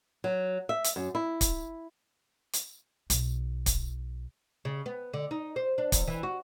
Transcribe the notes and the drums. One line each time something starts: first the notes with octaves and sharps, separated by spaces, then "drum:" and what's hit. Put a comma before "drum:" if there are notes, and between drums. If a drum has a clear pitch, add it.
F#3
E5
drum: hi-hat
F#2
E4
drum: kick, hi-hat
drum: hi-hat
B1, drum: hi-hat
drum: kick, hi-hat
C#3
B3
D3
D#4
C5
D4
E2, drum: kick, hi-hat
E3
F#4